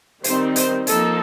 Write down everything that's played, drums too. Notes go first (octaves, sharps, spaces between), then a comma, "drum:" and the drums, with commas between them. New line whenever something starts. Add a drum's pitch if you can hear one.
D#3 G3 C4 D#4 C5, drum: hi-hat
C5, drum: hi-hat
F3 A#3 D#4 A4, drum: hi-hat